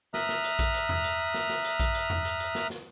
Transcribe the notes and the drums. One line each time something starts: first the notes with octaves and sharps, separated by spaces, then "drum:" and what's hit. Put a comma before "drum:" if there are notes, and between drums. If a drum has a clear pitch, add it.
E5 A#5 D#6 F6 F#6, drum: snare
drum: snare
drum: hi-hat
drum: kick A#1, hi-hat
drum: hi-hat
drum: tom E2
drum: hi-hat
drum: snare
drum: snare
drum: hi-hat
drum: kick A#1, hi-hat
drum: hi-hat
drum: tom E2
drum: hi-hat
drum: hi-hat
drum: snare
drum: snare